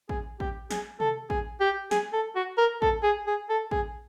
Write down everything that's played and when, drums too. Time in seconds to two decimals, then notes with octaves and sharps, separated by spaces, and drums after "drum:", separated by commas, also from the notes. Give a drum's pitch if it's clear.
0.09 G#4, drum: kick A1
0.40 G4, drum: kick A1
0.71 G#4, drum: snare
1.00 A4, drum: tom C3
1.30 G#4, drum: kick A1
1.61 G4
1.91 G#4, drum: snare
2.13 A4
2.36 F#4
2.58 A#4
2.82 A4, drum: kick A1
3.03 G#4
3.27 G#4
3.50 A4
3.71 G#4, drum: kick A1